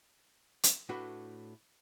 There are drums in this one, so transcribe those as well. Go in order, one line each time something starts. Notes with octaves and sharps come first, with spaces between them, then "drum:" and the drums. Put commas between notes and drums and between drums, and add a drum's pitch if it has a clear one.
drum: hi-hat
A2 A3 D4 F#4 B4